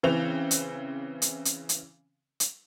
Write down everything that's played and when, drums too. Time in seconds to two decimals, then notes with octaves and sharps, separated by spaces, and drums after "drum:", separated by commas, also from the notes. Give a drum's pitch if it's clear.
0.03 C#3 E3 C4 F7
0.51 drum: hi-hat
1.22 drum: hi-hat
1.45 drum: hi-hat
1.69 drum: hi-hat
2.40 drum: hi-hat